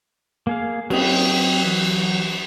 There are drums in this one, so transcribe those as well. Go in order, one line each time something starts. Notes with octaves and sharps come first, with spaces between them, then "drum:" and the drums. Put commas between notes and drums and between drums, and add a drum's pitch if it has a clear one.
A#3 G#4 F5
F#3 C4 D#5, drum: cymbal
E3